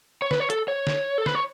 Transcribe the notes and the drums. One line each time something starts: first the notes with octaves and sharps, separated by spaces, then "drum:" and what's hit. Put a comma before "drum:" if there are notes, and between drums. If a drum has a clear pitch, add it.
C#5
B4, drum: snare
C#5
A4, drum: hi-hat
C#5
drum: snare
A4
B4, drum: snare
C#5